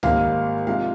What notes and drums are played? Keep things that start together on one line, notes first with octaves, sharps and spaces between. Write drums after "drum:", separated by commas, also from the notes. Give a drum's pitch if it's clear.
G#1 G#2 G3 A#3 F5, drum: tom C#2
C2 C3 F3 G#3 F5